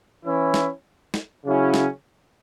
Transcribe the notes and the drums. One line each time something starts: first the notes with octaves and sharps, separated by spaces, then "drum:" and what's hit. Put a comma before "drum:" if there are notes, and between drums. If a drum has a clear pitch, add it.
E3 C#4 E4
drum: snare
drum: snare
C#3 F#3 C#4 E4
drum: snare